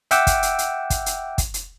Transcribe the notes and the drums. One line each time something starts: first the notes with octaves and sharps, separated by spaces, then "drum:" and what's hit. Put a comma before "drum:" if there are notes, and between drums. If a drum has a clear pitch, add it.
E5 F#5 G5 D6 E6, drum: hi-hat
drum: kick, hi-hat
drum: hi-hat
drum: hi-hat
drum: kick, hi-hat
drum: hi-hat
drum: kick, hi-hat
drum: hi-hat